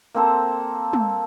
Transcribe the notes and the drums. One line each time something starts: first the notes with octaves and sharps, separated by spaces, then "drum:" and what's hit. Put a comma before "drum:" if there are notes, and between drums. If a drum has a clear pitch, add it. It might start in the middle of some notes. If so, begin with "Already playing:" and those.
A#3 C4 A4 C5
drum: tom